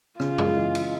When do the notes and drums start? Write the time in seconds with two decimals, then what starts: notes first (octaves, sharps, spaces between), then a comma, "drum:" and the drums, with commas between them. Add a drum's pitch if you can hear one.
0.20 C#3 F4, drum: rim click
0.38 G#3, drum: tom
0.57 E3
0.75 drum: cymbal